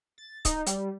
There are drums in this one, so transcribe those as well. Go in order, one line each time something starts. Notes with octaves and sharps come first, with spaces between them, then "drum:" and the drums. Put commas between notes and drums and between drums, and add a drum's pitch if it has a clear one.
A6
D#4, drum: kick C#1, hi-hat
G3, drum: hi-hat